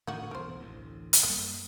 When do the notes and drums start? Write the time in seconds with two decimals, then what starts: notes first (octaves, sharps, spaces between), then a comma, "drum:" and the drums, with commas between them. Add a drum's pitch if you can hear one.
0.07 A2 D3 D#3 A#3 D#4 F#4
0.31 B1 E2 G2 A#4 C5
0.60 A1 D2
1.13 drum: hi-hat
1.23 F#2 G3 A#3 B3